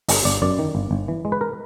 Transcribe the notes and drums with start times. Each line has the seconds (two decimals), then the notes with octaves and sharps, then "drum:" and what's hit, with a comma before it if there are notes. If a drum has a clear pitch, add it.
0.08 G1 D#5, drum: open hi-hat
0.25 G1 D5
0.42 F#2 D5
0.59 D#3
0.75 G1
0.91 G1
1.08 E3
1.25 G#3
1.32 B4
1.41 A#4